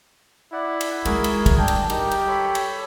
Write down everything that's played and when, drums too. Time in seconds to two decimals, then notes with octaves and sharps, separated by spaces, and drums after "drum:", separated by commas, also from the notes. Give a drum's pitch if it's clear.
0.53 E4 D5 F#5
0.81 drum: cymbal
1.05 G#3 D#4 F#4 G#4 A#4, drum: cymbal
1.24 drum: cymbal
1.46 drum: kick, cymbal
1.58 G3 D4 G5
1.68 drum: cymbal
1.90 D#4 G4 A#4, drum: cymbal
2.11 drum: cymbal
2.28 A4 C#5 B5
2.55 drum: cymbal